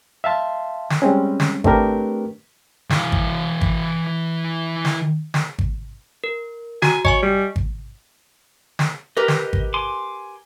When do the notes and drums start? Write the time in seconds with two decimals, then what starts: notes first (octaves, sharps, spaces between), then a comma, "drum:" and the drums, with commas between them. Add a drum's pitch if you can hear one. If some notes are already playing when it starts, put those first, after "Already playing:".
0.24 E5 F5 A5 C6
0.90 drum: snare
1.02 G3 G#3 C4 C#4
1.40 drum: snare
1.64 A3 C4 D4 G4 A#4 B4, drum: kick G#1
2.90 E3 F5, drum: snare
3.12 drum: kick G#1
3.61 drum: kick G#1
4.85 drum: snare
5.34 drum: snare
5.59 drum: kick G#1
6.24 A#4
6.82 F#4 G#5 A#5, drum: snare
7.05 C#5 D#5 G#5 C#6, drum: kick G#1
7.23 G3
7.56 drum: kick G#1
8.79 drum: snare
9.17 G4 A#4 B4 D#5
9.28 drum: snare
9.53 drum: kick G#1
9.74 G#5 C6 D6